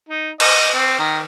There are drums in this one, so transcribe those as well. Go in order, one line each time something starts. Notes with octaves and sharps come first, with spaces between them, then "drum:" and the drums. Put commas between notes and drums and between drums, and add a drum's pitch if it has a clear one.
D#4
D#5, drum: cymbal
C4
D#3